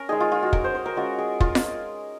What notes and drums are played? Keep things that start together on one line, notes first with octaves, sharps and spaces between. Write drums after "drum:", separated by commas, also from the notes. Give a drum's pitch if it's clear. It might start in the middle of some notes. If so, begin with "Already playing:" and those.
Already playing: C#4 A#4
G#3 D#4 G#4
F4
F4
F#4
A#4, drum: kick
C5
C5
A#4
G#3 C#4 F4 F#4
G#4
F4, drum: kick
drum: snare F4